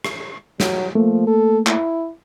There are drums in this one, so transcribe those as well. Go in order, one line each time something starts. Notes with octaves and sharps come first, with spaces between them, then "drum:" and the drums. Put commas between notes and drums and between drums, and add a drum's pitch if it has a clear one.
drum: rim click
F#3, drum: snare
F3 A3 A#3
A4
E4, drum: clap